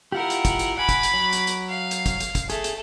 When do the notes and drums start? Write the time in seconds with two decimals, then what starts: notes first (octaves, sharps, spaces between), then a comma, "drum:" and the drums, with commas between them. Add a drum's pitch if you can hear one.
0.12 E4 F4 G4 A#4 F#5
0.30 drum: hi-hat
0.45 drum: kick, hi-hat
0.59 drum: hi-hat
0.78 F#5 G#5 B5 D6
0.89 drum: kick, hi-hat
1.03 drum: hi-hat
1.14 F#3
1.33 drum: hi-hat
1.47 drum: hi-hat
1.69 F5
1.91 drum: hi-hat
2.06 drum: kick, hi-hat
2.20 drum: hi-hat
2.35 drum: kick, hi-hat
2.50 A3 G#4, drum: hi-hat
2.64 drum: hi-hat